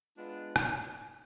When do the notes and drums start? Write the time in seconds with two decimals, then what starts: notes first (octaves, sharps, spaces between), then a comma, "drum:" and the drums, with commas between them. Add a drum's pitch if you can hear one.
0.17 G#3 B3 D4 F4
0.56 drum: rim click